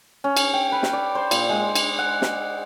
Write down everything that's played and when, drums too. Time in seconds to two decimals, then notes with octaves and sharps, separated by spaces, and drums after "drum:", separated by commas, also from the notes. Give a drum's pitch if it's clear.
0.24 C#4
0.37 drum: cymbal
0.54 G5
0.72 B4
0.83 drum: snare
0.93 D5
1.15 C5
1.31 A#2, drum: cymbal
1.49 G#3
1.75 drum: cymbal
1.99 F#5
2.22 drum: snare